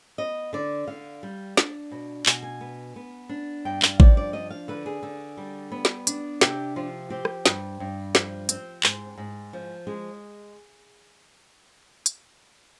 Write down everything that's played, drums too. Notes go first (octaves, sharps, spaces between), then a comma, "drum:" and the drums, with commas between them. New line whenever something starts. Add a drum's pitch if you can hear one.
B3 D#5
D3 D5
D3 F5
G3
D4, drum: snare
B2
B2 G#5, drum: clap
G#5
B3
B3
D4
G2 G5
F5, drum: clap
F3 D5, drum: kick A1
D5
D4 D#5
F5
D3 B4
G#4
D3
G3
B3
drum: snare
D4, drum: hi-hat
C3 G4, drum: snare
F3 F4
C4 G4
drum: rim click
G2, drum: snare
G2
F3, drum: snare
C4, drum: hi-hat
G#2, drum: clap
G#2
F3
G#3 G#4
drum: hi-hat